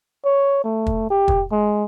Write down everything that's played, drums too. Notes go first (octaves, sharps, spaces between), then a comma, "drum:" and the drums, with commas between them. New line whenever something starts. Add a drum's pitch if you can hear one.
C#5
A3
drum: kick
G4
drum: kick
G#3